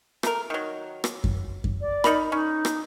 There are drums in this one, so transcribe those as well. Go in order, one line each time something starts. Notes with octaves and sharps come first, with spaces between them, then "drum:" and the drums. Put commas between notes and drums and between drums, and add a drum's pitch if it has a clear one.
A3 A#4, drum: rim click
D#3 F#3
drum: rim click
drum: kick F#2
drum: kick F#2
D5
D#4 A#4 B5, drum: rim click
C#4 D#4
drum: rim click